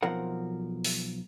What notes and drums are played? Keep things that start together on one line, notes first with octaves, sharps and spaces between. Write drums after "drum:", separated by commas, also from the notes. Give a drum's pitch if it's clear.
B1 F3 C4 A#4 F#5
drum: open hi-hat